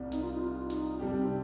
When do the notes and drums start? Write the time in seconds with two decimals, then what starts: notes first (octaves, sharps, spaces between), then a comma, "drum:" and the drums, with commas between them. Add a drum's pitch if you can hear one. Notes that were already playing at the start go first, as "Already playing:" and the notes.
Already playing: C2 C3 G3
0.12 D#4, drum: hi-hat
0.22 F4
0.31 D#4
0.41 F4
0.70 D#4, drum: hi-hat
0.99 C3 G3 D4 G4
1.24 C4